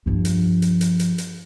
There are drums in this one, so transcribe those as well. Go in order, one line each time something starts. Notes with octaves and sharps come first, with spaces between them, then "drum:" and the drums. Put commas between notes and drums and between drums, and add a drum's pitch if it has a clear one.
G2 F3
drum: hi-hat
drum: hi-hat
drum: hi-hat
drum: hi-hat
drum: hi-hat